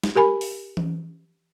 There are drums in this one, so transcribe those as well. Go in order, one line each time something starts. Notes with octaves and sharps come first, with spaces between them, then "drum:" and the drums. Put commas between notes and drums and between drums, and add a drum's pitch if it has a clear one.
drum: snare
G4 A#4 G#5 B5
drum: open hi-hat
drum: tom E3